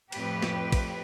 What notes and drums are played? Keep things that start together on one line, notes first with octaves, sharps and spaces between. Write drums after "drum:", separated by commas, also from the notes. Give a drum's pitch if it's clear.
F2 A2 G4 B4, drum: cymbal
drum: snare
drum: kick, cymbal